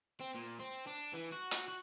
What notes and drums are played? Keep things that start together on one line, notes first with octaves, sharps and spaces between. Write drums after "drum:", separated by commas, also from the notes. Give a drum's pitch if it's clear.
C4
A#2
C4
D4
E3
F#4
drum: hi-hat
F#4